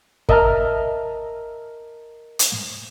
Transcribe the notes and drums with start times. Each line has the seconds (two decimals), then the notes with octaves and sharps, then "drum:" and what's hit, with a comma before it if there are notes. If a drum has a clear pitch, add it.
0.29 A#4 D#5 E5 A5 A#5 F6, drum: kick
2.39 drum: hi-hat